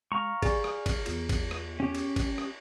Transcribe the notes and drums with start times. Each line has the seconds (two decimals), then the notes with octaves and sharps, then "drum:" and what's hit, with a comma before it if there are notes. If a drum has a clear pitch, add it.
0.12 G#3 F5 A#5 C#6
0.42 G4 G#4 D5 G#5, drum: kick, cymbal
0.64 drum: rim click
0.86 drum: kick, cymbal
1.06 E2 B3 F4, drum: cymbal
1.29 drum: kick, cymbal
1.51 drum: rim click
1.80 C#4 G4
1.95 drum: cymbal
2.16 drum: kick, cymbal
2.38 drum: rim click